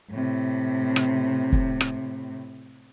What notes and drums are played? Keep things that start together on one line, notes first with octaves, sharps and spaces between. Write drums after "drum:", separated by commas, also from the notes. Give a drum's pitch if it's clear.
A2 C3
drum: rim click
drum: kick
drum: rim click